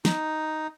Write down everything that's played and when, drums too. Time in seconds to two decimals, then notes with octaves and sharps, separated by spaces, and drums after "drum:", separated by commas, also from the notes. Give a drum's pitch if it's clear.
0.05 D#4, drum: snare